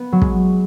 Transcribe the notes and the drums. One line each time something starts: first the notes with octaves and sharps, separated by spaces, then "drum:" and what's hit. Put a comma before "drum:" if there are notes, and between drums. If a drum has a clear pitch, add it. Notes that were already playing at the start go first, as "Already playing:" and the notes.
Already playing: B3
F#3
G#3, drum: kick